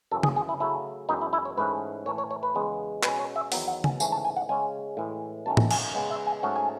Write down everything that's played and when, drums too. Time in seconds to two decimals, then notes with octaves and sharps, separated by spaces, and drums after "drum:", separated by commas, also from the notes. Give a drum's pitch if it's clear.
0.11 F#2 C#3 E3 A4
0.23 G#4, drum: tom C#3
0.36 G#4
0.49 E4
0.60 C#3 F#3 A3 C#4 E4
1.09 F#2 E3 G#3 B3 D#4
1.21 E4
1.33 E4
1.45 C#5
1.58 G#2 E3 A3 C#4 B4
2.06 A2 E3 A3 C#5
2.18 C#5
2.31 C#5
2.43 B4
2.55 E2 C#3 G#3 B3
3.03 B2 G#3 C#4 B4, drum: clap
3.19 C#5
3.36 E5
3.52 E2 D#3 F#3 B3 F#5, drum: open hi-hat
3.68 F#5
3.84 G#5, drum: tom C#3
4.00 G#2 E3 A3 C#4 G#5, drum: tambourine
4.12 A5
4.25 G#5
4.36 F#5
4.49 C#3 G#3 C#4 G#5
4.97 A2 E3 G#3
5.46 F#2 D#3 A3 C#4 A5
5.57 drum: tom A2
5.71 G#5, drum: cymbal
5.94 C#3 G#3 B3
6.11 E5
6.27 G#5
6.43 G#2 F#3 A3 C#4 F#5
6.56 G#5